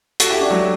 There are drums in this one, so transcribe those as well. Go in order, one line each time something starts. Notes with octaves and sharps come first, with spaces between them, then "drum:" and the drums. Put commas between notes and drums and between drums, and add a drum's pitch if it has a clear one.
F#4 A4, drum: hi-hat
E4 G4
D4 F#4
F#3 A3